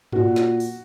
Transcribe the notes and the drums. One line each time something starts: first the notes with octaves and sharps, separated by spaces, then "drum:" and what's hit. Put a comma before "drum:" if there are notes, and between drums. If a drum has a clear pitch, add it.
A#2 F#4, drum: tom G2
drum: snare
drum: open hi-hat